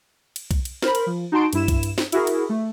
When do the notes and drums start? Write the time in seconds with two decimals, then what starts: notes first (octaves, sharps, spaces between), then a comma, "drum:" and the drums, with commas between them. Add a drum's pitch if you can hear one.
0.36 drum: cymbal
0.51 drum: kick B1, cymbal
0.65 drum: cymbal
0.82 A#4 C5 B5, drum: snare
0.95 drum: cymbal
1.06 F3
1.32 D#4 F#4 A5 C6 D7
1.53 G2 E4 E7, drum: cymbal
1.68 drum: kick B1, cymbal
1.83 drum: cymbal
1.98 drum: snare
2.12 E4 F#4 G#4 A#4, drum: cymbal
2.27 drum: cymbal
2.49 A3